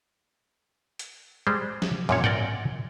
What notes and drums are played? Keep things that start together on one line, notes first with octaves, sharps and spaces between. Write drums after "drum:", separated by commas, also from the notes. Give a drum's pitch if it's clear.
drum: hi-hat
G3 G#3 C5
drum: snare
F#2 A#2 C#5, drum: snare
A#4 D5 F#5 G5, drum: tom G#2